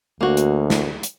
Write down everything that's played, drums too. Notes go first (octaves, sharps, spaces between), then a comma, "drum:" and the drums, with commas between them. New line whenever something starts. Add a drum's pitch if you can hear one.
D2 A#3 F#4
drum: hi-hat
drum: snare
drum: hi-hat